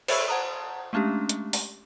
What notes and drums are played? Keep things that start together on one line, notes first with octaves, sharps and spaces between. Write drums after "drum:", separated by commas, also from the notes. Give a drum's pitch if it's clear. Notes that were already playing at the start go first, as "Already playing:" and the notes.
C5 C#5 E5 B5 C#6 E6, drum: cymbal
C5 F#5 A5 A#5 D#6
G#3 A3 C#4 D4 G4
drum: hi-hat
drum: open hi-hat